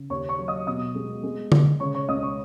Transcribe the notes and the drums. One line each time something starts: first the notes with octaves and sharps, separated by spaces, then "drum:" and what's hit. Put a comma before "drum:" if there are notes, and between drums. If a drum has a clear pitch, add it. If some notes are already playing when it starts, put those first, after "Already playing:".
Already playing: C#3
D#2 C#5 C#6
C#5 C#6
F#3
D#5 D#6
B2 D#5 D#6
G#3
G#3
G#3, drum: tom D3
C#3 C#5 C#6
C#5 C#6
C#2 D#5 D#6
C#5 C#6